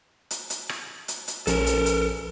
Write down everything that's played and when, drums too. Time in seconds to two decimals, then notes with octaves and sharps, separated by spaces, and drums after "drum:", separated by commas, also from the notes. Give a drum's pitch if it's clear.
0.31 drum: hi-hat
0.50 drum: hi-hat
0.69 drum: rim click
1.08 drum: hi-hat
1.28 drum: hi-hat
1.47 A#1 F3 C#4 A4 A#4, drum: hi-hat
1.66 drum: hi-hat
1.86 drum: hi-hat